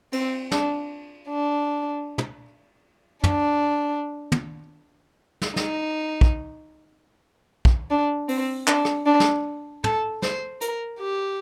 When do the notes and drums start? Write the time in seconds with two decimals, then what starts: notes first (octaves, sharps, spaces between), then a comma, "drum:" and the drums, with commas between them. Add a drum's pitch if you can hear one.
0.13 C4, drum: cymbal
0.51 D4, drum: snare
1.29 D4
2.18 drum: tom
3.24 D4, drum: tom
4.32 drum: tom
5.42 drum: snare
5.56 D#4, drum: snare
6.21 drum: kick
7.65 drum: kick
7.90 D4
8.28 C4, drum: open hi-hat
8.67 D4, drum: clap
8.85 drum: rim click
9.06 D4
9.20 drum: snare
9.84 A4, drum: tom
10.22 C5, drum: snare
10.61 A#4, drum: hi-hat
11.00 G4